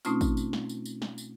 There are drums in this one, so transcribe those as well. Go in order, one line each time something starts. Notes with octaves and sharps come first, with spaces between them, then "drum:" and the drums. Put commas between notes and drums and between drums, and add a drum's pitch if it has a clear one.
B2 A3 C4 C#4 D#4 F4, drum: tambourine
drum: kick A1, tambourine
drum: tambourine
drum: snare
drum: tambourine
drum: tambourine
drum: snare
drum: tambourine